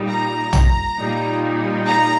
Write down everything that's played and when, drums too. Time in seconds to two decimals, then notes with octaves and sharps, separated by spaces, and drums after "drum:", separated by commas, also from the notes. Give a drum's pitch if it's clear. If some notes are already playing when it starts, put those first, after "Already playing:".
Already playing: A#2 G3 D#4
0.09 A#5
0.53 drum: tom
0.99 A#2 G3 D#4
1.88 A#5